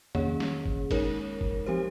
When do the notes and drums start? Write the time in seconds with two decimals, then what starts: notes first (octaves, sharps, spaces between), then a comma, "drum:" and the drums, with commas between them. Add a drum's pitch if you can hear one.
0.15 D#3 A#3 C#4 G#4 C#5, drum: tom E2
0.40 drum: snare
0.66 drum: kick F#1
0.91 G#3 D#4 A#4 C#5, drum: kick F#1, cymbal
1.41 drum: kick F#1
1.66 F3 C4 G4 C5